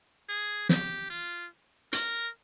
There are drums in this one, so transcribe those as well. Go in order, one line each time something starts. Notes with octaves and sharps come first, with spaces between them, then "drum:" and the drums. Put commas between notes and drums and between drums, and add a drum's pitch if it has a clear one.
G#4
G4, drum: snare
F4
A#4, drum: hi-hat